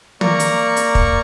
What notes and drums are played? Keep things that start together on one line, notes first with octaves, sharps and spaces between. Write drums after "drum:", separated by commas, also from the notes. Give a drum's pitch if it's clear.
A#3 D5 A#5 C#6, drum: tom
drum: hi-hat
drum: hi-hat
drum: kick